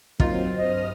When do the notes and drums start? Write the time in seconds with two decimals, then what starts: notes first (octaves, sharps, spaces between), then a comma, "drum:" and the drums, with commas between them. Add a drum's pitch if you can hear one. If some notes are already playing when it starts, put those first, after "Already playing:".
0.20 F#3 A#3 C4 D#4 F4, drum: kick
0.57 G2 C5 D#5 D#6 F6